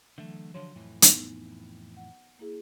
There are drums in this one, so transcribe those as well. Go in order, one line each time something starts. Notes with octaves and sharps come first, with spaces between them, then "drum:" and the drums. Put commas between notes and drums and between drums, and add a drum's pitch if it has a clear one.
D3 E3 F#3 A3
D3 F3 F#3 C#5 C6
F2 A2 E3
B3 D#4, drum: hi-hat
F#5
A#3 E4 G#4